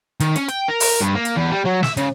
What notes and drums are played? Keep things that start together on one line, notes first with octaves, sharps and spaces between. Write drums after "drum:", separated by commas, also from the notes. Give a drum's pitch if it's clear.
D#3, drum: hi-hat
C#4, drum: hi-hat
G5, drum: hi-hat
A#4
drum: open hi-hat
G2
A#3
drum: hi-hat
E2
G3
F#3
E5, drum: snare
C#3, drum: hi-hat